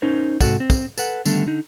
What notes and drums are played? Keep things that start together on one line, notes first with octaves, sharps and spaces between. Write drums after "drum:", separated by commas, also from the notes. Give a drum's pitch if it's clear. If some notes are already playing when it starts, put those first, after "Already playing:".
C#4 D#4 A#4 C5
G#2 C3 F#4 A4 F#5, drum: kick, tambourine
C4
drum: kick, tambourine
A4 B4 F#5, drum: tambourine
D3 D#3 G3 A3 B3 A4, drum: tambourine
D3 D#4